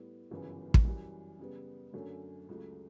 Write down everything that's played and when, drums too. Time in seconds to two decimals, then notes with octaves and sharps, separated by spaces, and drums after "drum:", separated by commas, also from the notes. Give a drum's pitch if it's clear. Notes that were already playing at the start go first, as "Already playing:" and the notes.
Already playing: A2 G3 B3
0.31 G1 F#2 C#3 E3 B3
0.74 drum: kick
0.85 F#2 E3 G3
1.40 C#3 G3 B3
1.93 F#2 D3 F#3 A3 C#4
2.49 C#2 C#3 F#3 A3